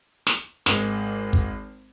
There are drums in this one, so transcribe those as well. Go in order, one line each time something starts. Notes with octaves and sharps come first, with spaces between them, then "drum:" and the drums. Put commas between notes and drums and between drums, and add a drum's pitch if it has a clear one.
drum: snare
G#1 G#3, drum: snare
drum: kick